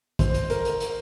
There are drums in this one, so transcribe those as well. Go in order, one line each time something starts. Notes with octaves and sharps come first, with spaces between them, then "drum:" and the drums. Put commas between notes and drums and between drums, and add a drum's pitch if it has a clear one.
C5, drum: kick, hi-hat
drum: hi-hat
A#4, drum: hi-hat
drum: hi-hat
drum: hi-hat